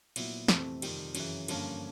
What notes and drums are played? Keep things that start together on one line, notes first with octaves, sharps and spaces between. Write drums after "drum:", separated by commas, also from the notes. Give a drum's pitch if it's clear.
A#2 F#3 B3 E4, drum: cymbal
F2 C3 E3 A3 C4, drum: snare
F2 C3 D#3 G3, drum: cymbal
F#2 C#3 E3, drum: cymbal
G2 D3 F3 A#3 C#4, drum: cymbal